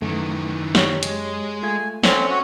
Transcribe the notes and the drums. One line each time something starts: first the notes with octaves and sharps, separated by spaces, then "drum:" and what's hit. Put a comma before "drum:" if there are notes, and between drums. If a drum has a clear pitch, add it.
F#2 D#3 E3 A3
G4 C#5, drum: snare
G#3, drum: hi-hat
A3 F4 G#5
C4 C#4 A4 C#5 D5 E5, drum: snare
F#4